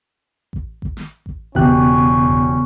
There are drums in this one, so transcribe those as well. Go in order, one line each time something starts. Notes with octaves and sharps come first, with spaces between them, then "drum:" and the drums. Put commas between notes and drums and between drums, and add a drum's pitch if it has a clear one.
drum: kick A1
drum: kick A1
drum: snare
drum: kick A1
E1 C#3 B3 C#4 G4 F#6, drum: kick A1
drum: kick A1